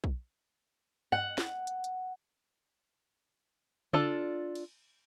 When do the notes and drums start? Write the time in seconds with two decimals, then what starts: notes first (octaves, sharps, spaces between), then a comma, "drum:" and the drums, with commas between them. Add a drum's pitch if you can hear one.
0.04 drum: kick B1
1.12 F#5, drum: tom G2
1.38 drum: snare
1.67 drum: hi-hat
1.84 drum: hi-hat
3.93 D4 F4 A4 D5, drum: tom C#3
4.55 drum: cymbal